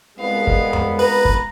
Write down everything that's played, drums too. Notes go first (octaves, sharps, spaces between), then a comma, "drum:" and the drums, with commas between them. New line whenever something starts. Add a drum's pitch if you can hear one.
C2 G#3 B3 F5
drum: kick
drum: tom F2
B4 A#5
drum: kick